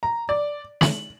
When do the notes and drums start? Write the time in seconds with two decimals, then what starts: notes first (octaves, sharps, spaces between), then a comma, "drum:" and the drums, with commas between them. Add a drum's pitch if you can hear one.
0.03 A#5
0.29 D5
0.81 F#7, drum: snare